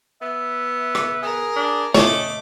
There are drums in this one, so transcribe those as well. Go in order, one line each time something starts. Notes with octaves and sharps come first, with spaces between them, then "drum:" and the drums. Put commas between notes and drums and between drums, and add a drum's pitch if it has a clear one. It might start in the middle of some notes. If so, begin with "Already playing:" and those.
B3 E5
drum: rim click
G#4 A#4
D4
A3 C#4 C#5 D#5 D6, drum: snare